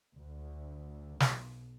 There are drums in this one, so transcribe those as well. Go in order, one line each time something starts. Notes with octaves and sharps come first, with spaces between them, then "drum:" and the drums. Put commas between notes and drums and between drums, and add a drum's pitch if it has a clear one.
D2
B1, drum: snare